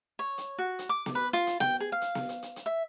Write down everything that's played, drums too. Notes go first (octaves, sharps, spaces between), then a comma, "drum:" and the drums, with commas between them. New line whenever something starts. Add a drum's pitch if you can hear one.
C#5
drum: hi-hat
F#4
drum: hi-hat
D6
drum: snare B3
B4
F4, drum: hi-hat
drum: hi-hat
G5, drum: snare B3
G#4
F5
drum: hi-hat
drum: snare B3
drum: hi-hat
drum: hi-hat
drum: hi-hat
E5